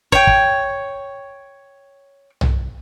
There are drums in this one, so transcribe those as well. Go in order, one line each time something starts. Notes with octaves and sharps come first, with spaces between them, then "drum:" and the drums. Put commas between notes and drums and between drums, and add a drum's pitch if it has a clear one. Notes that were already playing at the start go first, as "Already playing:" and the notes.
C#5 G5, drum: kick
drum: kick
drum: tom B1